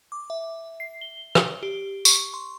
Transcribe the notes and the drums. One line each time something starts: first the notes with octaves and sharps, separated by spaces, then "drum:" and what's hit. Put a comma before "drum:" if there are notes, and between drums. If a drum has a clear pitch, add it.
D6
E5
C7
G7
drum: rim click
G4
C#6, drum: tambourine
C6